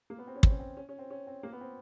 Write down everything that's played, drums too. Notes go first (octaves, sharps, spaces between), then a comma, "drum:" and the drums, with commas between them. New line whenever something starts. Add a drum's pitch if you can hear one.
A#3
B3
C4
C#4
C4, drum: kick
C#4
C4
C#4
C#4
C4
C#4
C4
A#3
B3
C4